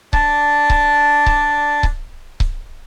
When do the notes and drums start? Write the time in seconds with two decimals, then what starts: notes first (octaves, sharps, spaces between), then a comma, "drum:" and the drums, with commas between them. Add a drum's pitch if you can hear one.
0.13 D4 D5, drum: kick C#1
0.70 drum: kick C#1
1.26 drum: kick C#1
1.83 drum: kick C#1
2.40 drum: kick C#1